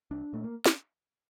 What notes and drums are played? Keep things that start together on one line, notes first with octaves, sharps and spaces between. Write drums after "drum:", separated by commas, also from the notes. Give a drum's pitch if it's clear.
C2 D4
A#2 A3
A#3
drum: snare